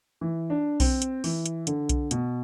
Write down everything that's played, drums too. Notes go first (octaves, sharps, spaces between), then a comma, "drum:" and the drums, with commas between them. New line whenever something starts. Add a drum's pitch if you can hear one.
E3
D4
C4, drum: kick B1, open hi-hat
drum: hi-hat
E3, drum: open hi-hat
drum: hi-hat
D3, drum: hi-hat
drum: kick B1, hi-hat
B2, drum: hi-hat